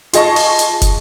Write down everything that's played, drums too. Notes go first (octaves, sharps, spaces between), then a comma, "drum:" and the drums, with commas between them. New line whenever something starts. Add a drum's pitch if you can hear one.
F4 G#4 D#5 A5 C#6, drum: hi-hat
drum: open hi-hat
drum: hi-hat
drum: kick, hi-hat